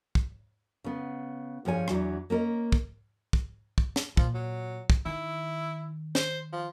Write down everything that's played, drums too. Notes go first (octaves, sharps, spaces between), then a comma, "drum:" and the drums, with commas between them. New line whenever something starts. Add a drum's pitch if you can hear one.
drum: kick
C#3 B3
G2 F3 G#4 C#5 G#5
E2 E3 F#3 D4, drum: rim click
A#3 C#4 A#4 D#5
drum: kick
drum: kick
drum: kick
drum: snare
A#2 F3, drum: kick
F#3
drum: kick
D#3 E4
C5, drum: snare
F3